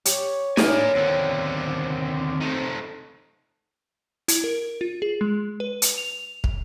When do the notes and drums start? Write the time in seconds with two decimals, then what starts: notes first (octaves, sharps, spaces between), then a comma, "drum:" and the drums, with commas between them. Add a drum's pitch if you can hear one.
0.05 G4 C#5, drum: hi-hat
0.57 F#3 B3 C#4 D4 A#4 G#5, drum: snare
0.95 D#2 D3 C4 F#5
2.41 A3 D#4
4.28 E4, drum: hi-hat
4.44 A#4
4.81 F4
5.02 G#4
5.21 G#3
5.60 B4
5.82 drum: hi-hat
5.98 F7
6.44 drum: kick